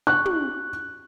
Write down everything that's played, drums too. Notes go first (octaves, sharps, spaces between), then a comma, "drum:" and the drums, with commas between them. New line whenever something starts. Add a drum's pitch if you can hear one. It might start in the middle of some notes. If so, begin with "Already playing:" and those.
C#6 F#6
drum: tom